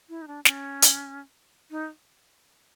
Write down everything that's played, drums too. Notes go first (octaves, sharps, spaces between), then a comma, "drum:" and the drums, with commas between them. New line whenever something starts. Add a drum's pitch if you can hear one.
E4
D#4
D4
C#4, drum: snare
drum: hi-hat
D#4